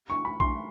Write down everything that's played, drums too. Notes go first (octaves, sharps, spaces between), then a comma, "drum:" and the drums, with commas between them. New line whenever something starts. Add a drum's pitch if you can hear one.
C#6
B5
C6, drum: kick A#1